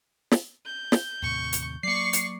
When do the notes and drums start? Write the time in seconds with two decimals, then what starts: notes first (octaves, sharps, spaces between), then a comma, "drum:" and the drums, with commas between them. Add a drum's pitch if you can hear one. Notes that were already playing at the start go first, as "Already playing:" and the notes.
0.32 drum: snare
0.66 G6
0.92 drum: snare
1.22 D#2 A2 C3 C#6
1.53 drum: hi-hat
1.83 F#3 A#3 D5 C#6 C7 C#7
2.13 drum: hi-hat